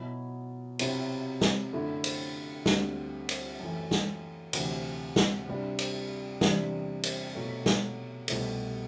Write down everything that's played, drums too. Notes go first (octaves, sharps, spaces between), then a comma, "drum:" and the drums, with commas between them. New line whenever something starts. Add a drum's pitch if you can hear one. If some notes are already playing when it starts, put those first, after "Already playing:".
Already playing: B2 F#3 B3 E4
C3 F#3 C4 E4, drum: cymbal
drum: snare
F#2 D3 A3 E4
drum: cymbal
D2 D3 G3 C4, drum: snare
drum: cymbal
F#2 E3 A3
drum: snare
D2 C3 E3, drum: cymbal
drum: snare
C3 G3 D4
drum: cymbal
E2 C3 G3 D4, drum: snare
drum: cymbal
B2 F#3 A3
drum: snare
C2 B2 A3, drum: cymbal